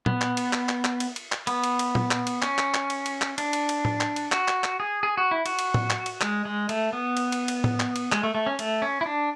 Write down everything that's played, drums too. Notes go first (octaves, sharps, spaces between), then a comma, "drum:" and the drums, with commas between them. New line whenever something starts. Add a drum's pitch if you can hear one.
B3, drum: tom A#2
drum: clap
drum: cymbal
drum: clap
drum: clap
drum: clap
drum: cymbal
drum: cymbal
drum: clap
B3, drum: cymbal
drum: cymbal
drum: cymbal
drum: tom A#2
drum: clap
drum: cymbal
C#4, drum: clap
drum: clap
drum: clap
drum: cymbal
drum: cymbal
drum: clap
D4, drum: cymbal
drum: cymbal
drum: cymbal
drum: tom A2
drum: clap
drum: cymbal
F#4, drum: clap
drum: clap
drum: clap
G#4
G#4
F#4
E4
F#4, drum: cymbal
drum: cymbal
drum: tom A2
drum: clap
drum: cymbal
G#3, drum: clap
G#3
A3, drum: cymbal
B3
drum: cymbal
drum: cymbal
drum: cymbal
drum: tom A2
drum: clap
drum: cymbal
G#3, drum: clap
A3
A3
C#4
A3, drum: cymbal
C#4
E4
D4